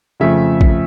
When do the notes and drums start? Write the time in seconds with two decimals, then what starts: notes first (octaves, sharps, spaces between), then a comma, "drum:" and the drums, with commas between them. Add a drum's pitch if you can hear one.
0.20 F2 C#3 F3 A3 E5
0.61 drum: kick A#1